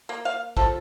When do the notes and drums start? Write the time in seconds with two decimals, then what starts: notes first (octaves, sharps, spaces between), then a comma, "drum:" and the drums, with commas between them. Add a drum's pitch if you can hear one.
0.09 A#3
0.25 F5
0.57 F3 A4, drum: kick